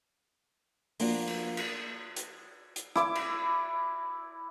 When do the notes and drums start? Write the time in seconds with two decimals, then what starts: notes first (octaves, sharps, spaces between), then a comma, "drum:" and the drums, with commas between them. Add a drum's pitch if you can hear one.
1.00 F3 A#3 D4 F4 F#4 D5, drum: open hi-hat
1.27 drum: cymbal
1.57 drum: cymbal
2.16 drum: hi-hat
2.76 drum: hi-hat
2.96 E4 D6, drum: rim click
3.15 drum: cymbal